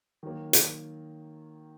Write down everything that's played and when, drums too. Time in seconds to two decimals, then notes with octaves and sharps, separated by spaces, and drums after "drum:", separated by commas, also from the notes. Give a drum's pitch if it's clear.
0.23 D#3 F#3 A#3
0.53 drum: hi-hat